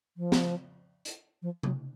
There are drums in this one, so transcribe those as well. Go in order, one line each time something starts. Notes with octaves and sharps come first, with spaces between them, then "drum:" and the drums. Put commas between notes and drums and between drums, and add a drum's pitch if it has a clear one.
F3
drum: snare
drum: hi-hat
F3
F#3, drum: tom C3